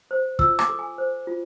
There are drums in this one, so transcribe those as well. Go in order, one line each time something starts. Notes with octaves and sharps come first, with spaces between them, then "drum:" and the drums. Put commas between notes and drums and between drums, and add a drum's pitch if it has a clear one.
C5
F4 E6, drum: kick
D6, drum: rim click
A4
G#5
C5
F4